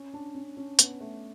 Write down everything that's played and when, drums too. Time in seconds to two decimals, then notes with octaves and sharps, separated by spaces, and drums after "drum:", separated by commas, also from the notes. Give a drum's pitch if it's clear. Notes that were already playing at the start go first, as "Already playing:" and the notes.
Already playing: C#4
0.14 D4
0.35 C#4
0.57 C#4
0.79 B3, drum: hi-hat
1.00 A3